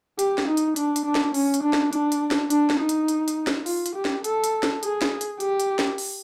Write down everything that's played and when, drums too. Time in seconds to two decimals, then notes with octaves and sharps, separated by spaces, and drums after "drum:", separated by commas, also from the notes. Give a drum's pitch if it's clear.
0.19 G4, drum: hi-hat
0.38 drum: snare
0.48 D#4
0.57 drum: hi-hat
0.76 D4, drum: hi-hat
0.96 drum: hi-hat
1.05 D4
1.15 drum: snare
1.34 C#4, drum: open hi-hat
1.54 drum: hi-hat
1.63 D4
1.73 drum: snare
1.93 D4, drum: hi-hat
2.12 drum: hi-hat
2.31 drum: snare
2.50 D4, drum: hi-hat
2.70 drum: snare
2.79 D#4
2.89 drum: hi-hat
3.08 drum: hi-hat
3.28 drum: hi-hat
3.47 drum: snare
3.66 F4, drum: open hi-hat
3.86 drum: hi-hat
3.95 G4
4.05 drum: snare
4.24 A4, drum: hi-hat
4.44 drum: hi-hat
4.63 drum: snare
4.83 G#4, drum: hi-hat
5.02 drum: snare
5.21 drum: hi-hat
5.40 G4, drum: hi-hat
5.60 drum: hi-hat
5.79 drum: snare
5.98 drum: open hi-hat